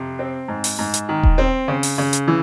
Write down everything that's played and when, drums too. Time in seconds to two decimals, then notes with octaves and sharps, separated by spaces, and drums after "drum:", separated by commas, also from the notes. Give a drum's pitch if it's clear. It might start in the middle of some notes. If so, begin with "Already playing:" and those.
Already playing: F2 C3
0.19 C4
0.48 G#2
0.64 drum: open hi-hat
0.79 G#2
0.94 drum: hi-hat
1.09 D#3
1.23 drum: kick D#1
1.38 C4
1.68 C#3
1.83 drum: open hi-hat
1.98 C#3
2.13 drum: hi-hat
2.28 E3